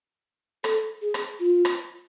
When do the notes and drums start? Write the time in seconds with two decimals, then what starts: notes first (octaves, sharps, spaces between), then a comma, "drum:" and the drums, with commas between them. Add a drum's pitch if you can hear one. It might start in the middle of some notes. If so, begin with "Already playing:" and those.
0.64 A4, drum: rim click
1.02 G#4
1.14 drum: rim click
1.40 F4
1.65 drum: rim click